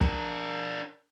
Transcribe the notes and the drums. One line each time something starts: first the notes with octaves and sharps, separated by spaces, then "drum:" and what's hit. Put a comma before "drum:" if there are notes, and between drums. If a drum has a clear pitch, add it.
D4 A#4, drum: kick